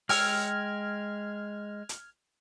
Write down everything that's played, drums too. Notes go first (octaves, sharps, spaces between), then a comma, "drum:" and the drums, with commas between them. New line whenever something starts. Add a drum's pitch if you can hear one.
G#3 G5 E6 F6 G#6, drum: open hi-hat
drum: hi-hat